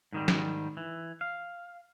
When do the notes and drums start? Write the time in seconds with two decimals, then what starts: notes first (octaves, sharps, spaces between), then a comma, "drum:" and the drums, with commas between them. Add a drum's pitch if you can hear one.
0.13 G#2 D#3 G3
0.28 drum: snare
0.77 E3
1.21 F5